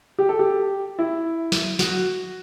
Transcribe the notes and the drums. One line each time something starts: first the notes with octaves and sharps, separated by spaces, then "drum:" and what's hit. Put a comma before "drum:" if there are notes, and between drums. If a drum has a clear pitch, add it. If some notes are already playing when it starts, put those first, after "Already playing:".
G4
A4
G4
E4
drum: snare
F#4, drum: snare